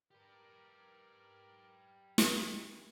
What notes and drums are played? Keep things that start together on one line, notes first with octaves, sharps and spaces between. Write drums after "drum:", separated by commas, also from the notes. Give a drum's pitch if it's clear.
G4 A#4 B4 D5
D#3 E3, drum: snare